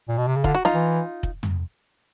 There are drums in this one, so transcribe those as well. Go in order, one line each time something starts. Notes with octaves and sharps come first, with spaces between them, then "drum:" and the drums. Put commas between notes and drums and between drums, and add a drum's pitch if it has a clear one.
A#2
B2
C3
C#3
D3 F4, drum: kick
F#4
D#4 F4, drum: snare
E3
drum: kick
drum: tom